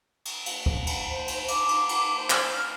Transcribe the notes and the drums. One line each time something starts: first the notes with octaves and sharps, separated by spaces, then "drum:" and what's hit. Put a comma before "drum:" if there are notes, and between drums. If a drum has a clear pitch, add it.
drum: cymbal
drum: cymbal
drum: kick
drum: cymbal
C5
drum: cymbal
D6, drum: cymbal
drum: cymbal
drum: cymbal
C5
drum: clap
F6